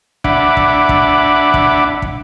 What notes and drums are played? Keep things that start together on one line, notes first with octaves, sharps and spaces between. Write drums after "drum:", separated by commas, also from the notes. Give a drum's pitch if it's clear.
D4 E5 F#5 B5 D6, drum: kick
drum: kick
drum: kick
drum: kick
drum: kick